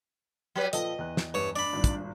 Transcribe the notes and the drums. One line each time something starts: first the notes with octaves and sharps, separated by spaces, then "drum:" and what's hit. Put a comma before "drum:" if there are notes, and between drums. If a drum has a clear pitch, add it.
F#3 G3 B4
A#2 F3 A4 D#5, drum: hi-hat
E2 F#6
drum: snare
G2 C#5
A3 D4 D5 B5
G#1 G2 A#2
drum: kick, hi-hat